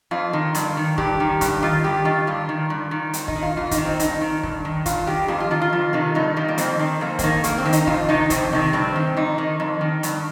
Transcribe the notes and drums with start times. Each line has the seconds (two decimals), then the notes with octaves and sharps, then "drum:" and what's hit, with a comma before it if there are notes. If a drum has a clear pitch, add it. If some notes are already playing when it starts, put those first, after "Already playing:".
0.11 F2 F4
0.33 D#3
0.55 G2, drum: hi-hat
0.77 D#3
0.98 G2 G4, drum: kick
1.20 D#3
1.41 G2 G4, drum: kick, hi-hat
1.63 D#3 F4
1.84 G2 G4
2.05 D#3 F4
2.27 G2 F4
2.49 D#3
2.70 G2
2.91 D#3
3.13 F2, drum: hi-hat
3.28 D#4, drum: kick
3.36 D#3
3.43 F4
3.57 F2 F4
3.71 D#4, drum: kick, hi-hat
3.77 D#3
3.85 C4
3.99 G2 D#4, drum: hi-hat
4.21 D#3
4.43 G2, drum: kick
4.65 D#3
4.86 G2 F4, drum: kick, hi-hat
5.07 D#3 G4
5.28 F2 F4
5.40 F4
5.51 D#3 F4
5.62 F4
5.73 F2
5.93 C3 D#3
6.15 G2 D#4
6.37 D#3 G3
6.48 A#3
6.58 F2 C4, drum: hi-hat
6.79 D#3
7.01 F2 A#3
7.19 C4, drum: kick, hi-hat
7.23 D#3 A#3
7.44 G2 A#3, drum: hi-hat
7.58 C4
7.66 D#3
7.73 D#4, drum: hi-hat
7.87 F2 F4, drum: kick
8.09 C3 D#3 D#4
8.30 F2 C4, drum: kick, hi-hat
8.53 C3 D#3
8.73 G2 C4
8.96 D#3
9.16 F2 D#4
9.38 D#3
9.60 F2
9.81 D#3
10.03 G2, drum: hi-hat